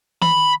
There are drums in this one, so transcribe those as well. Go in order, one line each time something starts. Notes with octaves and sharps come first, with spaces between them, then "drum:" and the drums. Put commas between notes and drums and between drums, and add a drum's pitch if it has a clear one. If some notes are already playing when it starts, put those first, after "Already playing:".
B5, drum: tom D#3